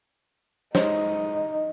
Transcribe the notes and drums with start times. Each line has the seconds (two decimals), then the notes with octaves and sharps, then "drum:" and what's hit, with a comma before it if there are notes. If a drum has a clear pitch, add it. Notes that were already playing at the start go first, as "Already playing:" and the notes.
0.75 G#3 D#4 C5 C#5, drum: snare